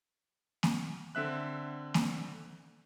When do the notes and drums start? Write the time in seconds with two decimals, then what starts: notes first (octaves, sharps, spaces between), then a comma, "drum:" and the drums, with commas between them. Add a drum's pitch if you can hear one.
0.63 drum: snare A#3
1.15 D3 C4 E5 F#6
1.94 drum: snare A#3